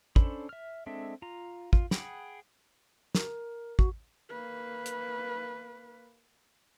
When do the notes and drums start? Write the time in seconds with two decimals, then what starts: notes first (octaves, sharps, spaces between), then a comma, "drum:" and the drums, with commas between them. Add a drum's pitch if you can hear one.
0.16 C#4 D4 A4 C5 B5, drum: kick
0.49 E5 F6
0.86 G#3 C4 D4 A4 E5
1.22 F4 A#5
1.73 F4, drum: kick
1.91 G#4 F#5 G5 B5, drum: snare
3.15 A#4, drum: snare
3.79 F#4, drum: kick
4.29 A#3 B4
4.86 drum: hi-hat